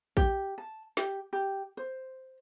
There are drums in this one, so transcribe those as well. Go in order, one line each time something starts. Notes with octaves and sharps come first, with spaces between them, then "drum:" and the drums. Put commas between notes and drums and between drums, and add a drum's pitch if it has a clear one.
G4, drum: kick A#1
A5
G4, drum: snare
G4
C5